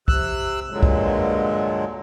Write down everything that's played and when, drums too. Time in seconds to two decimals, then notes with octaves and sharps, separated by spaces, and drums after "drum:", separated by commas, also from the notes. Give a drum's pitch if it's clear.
0.08 C3 E6 F#6, drum: kick
0.70 G2 A#2 D3 F#3 G#3
0.83 drum: kick